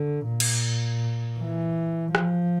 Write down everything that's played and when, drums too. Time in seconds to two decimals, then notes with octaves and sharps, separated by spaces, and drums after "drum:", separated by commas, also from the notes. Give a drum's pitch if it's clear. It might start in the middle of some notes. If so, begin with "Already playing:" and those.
Already playing: D3
0.27 A#2
0.40 drum: cymbal
1.40 E3
2.15 F3, drum: rim click